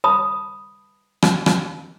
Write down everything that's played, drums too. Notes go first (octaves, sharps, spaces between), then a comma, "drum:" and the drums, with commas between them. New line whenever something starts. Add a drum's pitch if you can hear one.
B4 A5 B5 D#6
drum: rim click
drum: rim click